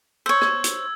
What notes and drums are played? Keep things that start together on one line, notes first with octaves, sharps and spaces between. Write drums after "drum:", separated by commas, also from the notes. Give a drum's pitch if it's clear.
C5 C#5 E6
G#6, drum: rim click
drum: hi-hat